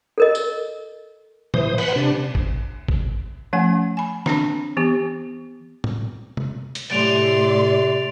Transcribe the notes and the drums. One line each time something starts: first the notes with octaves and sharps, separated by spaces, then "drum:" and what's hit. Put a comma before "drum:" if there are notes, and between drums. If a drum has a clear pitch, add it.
A4 A#4 D#5
drum: tambourine
E3 C5 D#6, drum: tom A2
B4 F#5 B5, drum: cymbal
C3 D4
drum: kick
drum: kick
F3 A3 C#4 F#5 G#5
G#5 B5
C4 D4 A#5, drum: snare
E3 B3 G4
drum: tom A2
drum: tom C3
drum: hi-hat
A2 C3 D5 C6 A6 D7 F7, drum: cymbal